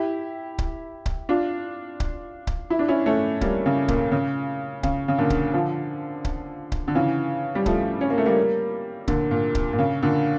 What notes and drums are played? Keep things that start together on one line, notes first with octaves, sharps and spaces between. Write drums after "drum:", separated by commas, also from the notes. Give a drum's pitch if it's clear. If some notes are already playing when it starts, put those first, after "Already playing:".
Already playing: E4 G4
drum: kick C#1
drum: kick C#1
D4 F4
drum: kick C#1
drum: kick C#1
E4
D4
C#4 E4
A3 C#4
G3 A#3, drum: kick C#1
C#3
A#2, drum: kick C#1
C#3
C#3, drum: kick C#1
C#3
A#2 D3
drum: kick C#1
D3 F3
drum: kick C#1
drum: kick C#1
D3
C#3 E3
G3
F3 A3, drum: kick C#1
C#4
A#3
A3
G3 A#3
A#2 D3, drum: kick C#1
A#2
drum: kick C#1
A#2
C#3
A#2 D3